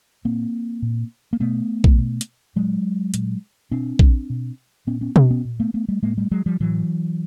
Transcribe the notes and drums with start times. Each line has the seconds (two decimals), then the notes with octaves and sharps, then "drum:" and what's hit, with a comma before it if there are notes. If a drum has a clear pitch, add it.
0.25 A#2 A#3 C4
0.82 A#2
1.33 A#3
1.40 B2 A3 B3
1.84 drum: kick A#1
1.98 B2
2.21 drum: hi-hat
2.56 A#2 F#3 G#3
3.14 A#2, drum: hi-hat
3.71 B2 C4 D4
3.99 drum: kick A#1
4.30 B2
4.87 A#2 B3 C#4
5.01 B3 C#4
5.16 C4 D4, drum: tom B2
5.31 B3 C#4
5.45 A#2
5.60 A3 B3
5.74 A3 B3
5.89 G3 A3
6.02 A2 G#3 A#3
6.18 G3 A3
6.31 F#3 G#3
6.46 F3 G3
6.60 A2 E3 F#3